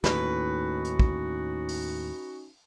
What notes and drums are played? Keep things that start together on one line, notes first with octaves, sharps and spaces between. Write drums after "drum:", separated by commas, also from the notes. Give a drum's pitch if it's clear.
D#2 A2 C#4 D#4 F#4 B4, drum: snare
drum: hi-hat
drum: kick
drum: open hi-hat